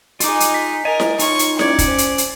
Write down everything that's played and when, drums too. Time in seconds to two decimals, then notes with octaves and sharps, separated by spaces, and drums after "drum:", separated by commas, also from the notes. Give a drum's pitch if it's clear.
0.20 G#3 D#4 F4 D6, drum: hi-hat
0.40 drum: hi-hat
0.54 B6
0.85 A#4 D#5 G#5
1.00 drum: snare E4
1.19 D#4 F4 C#5 C#6, drum: hi-hat
1.39 drum: hi-hat
1.59 C#4 D5 G#6 C#7, drum: snare E4
1.79 drum: kick, hi-hat
1.88 C#4 C5
1.98 drum: hi-hat
2.18 drum: hi-hat